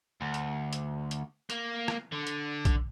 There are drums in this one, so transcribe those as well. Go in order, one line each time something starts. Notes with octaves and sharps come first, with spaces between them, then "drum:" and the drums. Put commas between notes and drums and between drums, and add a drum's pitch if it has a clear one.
D2
drum: hi-hat
drum: hi-hat
drum: hi-hat
A#3, drum: hi-hat
drum: rim click
D3
drum: hi-hat
drum: kick, hi-hat